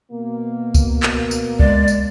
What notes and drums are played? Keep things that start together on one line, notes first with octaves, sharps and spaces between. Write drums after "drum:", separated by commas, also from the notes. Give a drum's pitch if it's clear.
B2 A#3
drum: kick C#2, tambourine
drum: clap
drum: tambourine
G#3 D5, drum: kick C#2
drum: tambourine